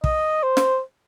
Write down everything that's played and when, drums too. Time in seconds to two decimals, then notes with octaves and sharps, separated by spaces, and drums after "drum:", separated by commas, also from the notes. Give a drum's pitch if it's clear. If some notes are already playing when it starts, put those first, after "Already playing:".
0.04 D#5, drum: kick
0.43 C5
0.57 drum: snare